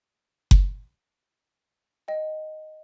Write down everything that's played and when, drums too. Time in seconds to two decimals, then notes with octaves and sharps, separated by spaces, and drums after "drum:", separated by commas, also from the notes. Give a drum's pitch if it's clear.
0.51 drum: kick F#1
2.08 D#5 G5